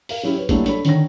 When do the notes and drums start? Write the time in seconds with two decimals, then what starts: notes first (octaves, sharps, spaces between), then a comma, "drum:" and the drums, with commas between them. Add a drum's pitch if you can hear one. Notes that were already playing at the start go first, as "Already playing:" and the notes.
0.09 A#4 F5, drum: open hi-hat
0.23 F#3 C#4 E4 G4
0.37 B4 C#5
0.49 F#3 G3 A3 A#3 D4 E4, drum: kick G#1, hi-hat
0.66 D4 A4 C#5 B5, drum: hi-hat
0.85 D3 D#3 C#5 A#6, drum: hi-hat